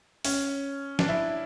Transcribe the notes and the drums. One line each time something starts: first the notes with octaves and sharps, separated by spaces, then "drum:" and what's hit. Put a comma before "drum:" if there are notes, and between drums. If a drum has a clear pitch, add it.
C#4, drum: open hi-hat
D4, drum: snare
E4